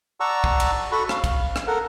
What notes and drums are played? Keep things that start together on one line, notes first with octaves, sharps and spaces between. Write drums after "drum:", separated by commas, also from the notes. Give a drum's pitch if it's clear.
D5 F#5 A5 A#5 C#6 E6
drum: kick
drum: cymbal
F#4 A4 F#5 B5 C#6
F5, drum: rim click
drum: kick, cymbal
drum: rim click
A4 A#4 F#5